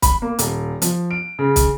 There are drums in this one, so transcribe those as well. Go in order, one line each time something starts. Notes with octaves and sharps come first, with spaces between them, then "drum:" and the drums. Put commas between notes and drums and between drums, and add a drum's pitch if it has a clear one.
B5, drum: kick, hi-hat
A#3
D#1, drum: hi-hat
F3, drum: hi-hat
D7
C#3
drum: kick, hi-hat